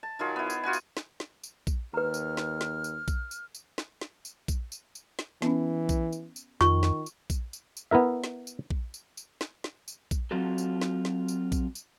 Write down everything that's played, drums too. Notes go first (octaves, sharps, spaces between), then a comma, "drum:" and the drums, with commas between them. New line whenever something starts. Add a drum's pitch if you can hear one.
A5
D#3 F#3 F4 G#4
B3 E4
drum: tambourine
F4 F#4 F#5 G#5
drum: tambourine
drum: snare
drum: snare
drum: tambourine
drum: kick A#1, tambourine
D#2 B4 A#5 F6
drum: tambourine
drum: snare
drum: snare
drum: tambourine
drum: kick A#1, tambourine
drum: tambourine
drum: tambourine
drum: snare
drum: snare
drum: tambourine
drum: kick A#1, tambourine
drum: tambourine
drum: tambourine
drum: snare
E3 B3 C#4, drum: snare
drum: kick A#1, tambourine
drum: tambourine
drum: tambourine
F2 D#3 F4 C#6, drum: snare
drum: snare
drum: tambourine
drum: kick A#1, tambourine
drum: tambourine
drum: tambourine
B3 E4 A#4 E5
drum: snare
drum: tambourine
drum: kick A#1
drum: tambourine
drum: tambourine
drum: snare
drum: snare
drum: tambourine
drum: kick A#1, tambourine
F#3 C4 F4 F#4 A4
drum: tambourine
drum: snare
drum: snare
drum: tambourine
drum: kick A#1, tambourine
drum: tambourine